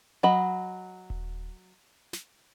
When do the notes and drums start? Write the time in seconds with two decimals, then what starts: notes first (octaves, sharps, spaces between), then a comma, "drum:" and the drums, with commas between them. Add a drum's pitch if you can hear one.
0.23 F#3 D#5 B5
1.10 drum: kick D#1
2.13 drum: snare